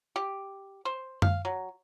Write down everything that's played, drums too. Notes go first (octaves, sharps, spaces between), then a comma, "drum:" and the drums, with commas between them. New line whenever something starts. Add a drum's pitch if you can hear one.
G4
C5
F5, drum: tom F#2
F#3